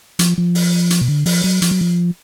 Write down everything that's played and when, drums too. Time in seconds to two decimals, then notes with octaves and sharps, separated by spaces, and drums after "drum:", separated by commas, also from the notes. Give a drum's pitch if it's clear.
0.19 F3, drum: hi-hat
0.38 F3
0.55 drum: open hi-hat
0.90 drum: hi-hat
1.01 B2
1.08 D3
1.26 F3, drum: open hi-hat
1.44 F#3
1.62 F3, drum: hi-hat
1.71 F#3
1.81 F3